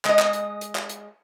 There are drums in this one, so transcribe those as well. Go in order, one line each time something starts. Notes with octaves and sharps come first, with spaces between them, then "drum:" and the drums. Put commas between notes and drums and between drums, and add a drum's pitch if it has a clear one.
G#3 D#5, drum: clap
drum: clap
drum: hi-hat
drum: hi-hat
drum: clap
drum: hi-hat